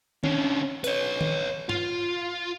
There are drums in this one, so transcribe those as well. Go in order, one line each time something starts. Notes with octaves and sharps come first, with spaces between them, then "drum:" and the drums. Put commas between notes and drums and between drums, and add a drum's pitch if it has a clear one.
D3 C#4, drum: tom D#3
B4 C#5, drum: hi-hat
drum: tom D#3
F4, drum: tom G2